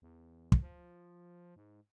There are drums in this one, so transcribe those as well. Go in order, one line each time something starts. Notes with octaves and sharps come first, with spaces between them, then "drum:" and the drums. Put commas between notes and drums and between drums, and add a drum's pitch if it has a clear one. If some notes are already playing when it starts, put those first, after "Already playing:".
E2
drum: kick
F3
G#2